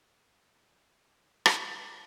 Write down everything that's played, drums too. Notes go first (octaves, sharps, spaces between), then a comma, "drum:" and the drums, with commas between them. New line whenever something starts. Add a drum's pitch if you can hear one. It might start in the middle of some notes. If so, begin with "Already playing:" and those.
E4 F#6 E7
drum: rim click